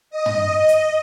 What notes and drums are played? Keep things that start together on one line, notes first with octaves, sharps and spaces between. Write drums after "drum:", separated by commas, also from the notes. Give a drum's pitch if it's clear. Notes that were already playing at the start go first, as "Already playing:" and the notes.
D#5
drum: tom
drum: hi-hat